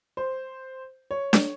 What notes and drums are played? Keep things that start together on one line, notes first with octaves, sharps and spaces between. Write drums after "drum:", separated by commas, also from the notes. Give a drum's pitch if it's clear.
C5
C#5
drum: snare D4